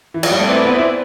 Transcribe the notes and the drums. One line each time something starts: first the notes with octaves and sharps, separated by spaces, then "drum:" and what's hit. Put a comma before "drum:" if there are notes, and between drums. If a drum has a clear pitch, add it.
E3
F3, drum: cymbal
G3
A3 C4 E4 B4 D5
A3
B3
E4